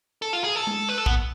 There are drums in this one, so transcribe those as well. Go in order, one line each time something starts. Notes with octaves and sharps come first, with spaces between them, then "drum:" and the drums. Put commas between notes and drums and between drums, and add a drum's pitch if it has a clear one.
A4
F4
G#4
A4
drum: tom G#3
B4
A4
B3, drum: kick